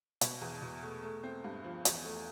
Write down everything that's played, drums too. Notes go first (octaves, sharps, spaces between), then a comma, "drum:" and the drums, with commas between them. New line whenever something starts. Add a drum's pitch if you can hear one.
B2, drum: hi-hat
E2
B2
A3
A3
C4
G2
F3
E2, drum: hi-hat
A3